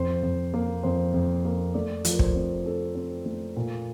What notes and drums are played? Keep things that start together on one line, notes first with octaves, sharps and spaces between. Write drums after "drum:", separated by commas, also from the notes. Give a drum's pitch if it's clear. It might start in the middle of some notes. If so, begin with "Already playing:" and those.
Already playing: F2 C5
F2
A#3
F2 C5
F2
A#3
A3 D5
F3, drum: hi-hat
A#4
C5, drum: kick
C4
C4 A4
C4
A3
A#2